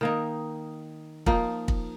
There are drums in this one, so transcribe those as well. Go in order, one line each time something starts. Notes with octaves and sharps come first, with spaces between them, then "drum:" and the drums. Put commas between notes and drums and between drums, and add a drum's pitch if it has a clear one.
D#3 A#3 D#4
F3 A#3 D#4, drum: kick
drum: kick